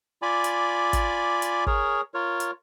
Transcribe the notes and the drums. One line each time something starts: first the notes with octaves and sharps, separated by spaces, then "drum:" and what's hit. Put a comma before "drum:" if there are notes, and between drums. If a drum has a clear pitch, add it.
F4 D5 G#5 B5 D6
drum: hi-hat
drum: kick, hi-hat
drum: hi-hat
G#4 A#4 C#5, drum: kick
F4 A#4 C#5
drum: hi-hat